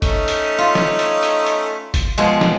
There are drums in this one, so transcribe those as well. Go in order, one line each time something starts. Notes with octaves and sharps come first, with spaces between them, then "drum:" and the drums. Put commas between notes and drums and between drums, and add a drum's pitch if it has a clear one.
A3 C#4 D#4, drum: kick G1, hi-hat
drum: hi-hat
F4
drum: snare
drum: hi-hat
drum: hi-hat
drum: hi-hat
drum: kick G1, hi-hat
B2 F3 G#3
drum: snare